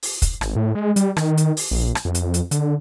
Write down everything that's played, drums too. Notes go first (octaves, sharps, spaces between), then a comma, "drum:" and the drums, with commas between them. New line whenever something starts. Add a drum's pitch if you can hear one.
drum: open hi-hat
drum: kick, hi-hat
G#1, drum: rim click
A2
G#3
G3, drum: hi-hat
D#3, drum: rim click
drum: hi-hat
drum: open hi-hat
A#1
drum: rim click
F2
drum: hi-hat
drum: hi-hat
D3, drum: hi-hat